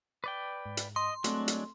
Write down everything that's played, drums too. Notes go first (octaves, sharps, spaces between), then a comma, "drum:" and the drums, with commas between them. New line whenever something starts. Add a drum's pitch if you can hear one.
B4 D5 G5
G#2
drum: hi-hat
D#5 C6
F#3 G#3 A3 C4 D4 A4, drum: hi-hat
drum: hi-hat